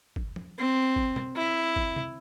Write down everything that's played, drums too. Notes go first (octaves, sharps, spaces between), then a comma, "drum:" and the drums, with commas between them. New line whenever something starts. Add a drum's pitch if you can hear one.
drum: kick
drum: tom F3
C4
drum: kick
drum: tom
E4
drum: kick
drum: tom C3